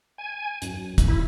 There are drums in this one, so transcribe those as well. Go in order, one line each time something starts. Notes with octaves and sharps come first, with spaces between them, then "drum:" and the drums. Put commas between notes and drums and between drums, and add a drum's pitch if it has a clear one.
G#5
F#2, drum: hi-hat
drum: kick, hi-hat
E4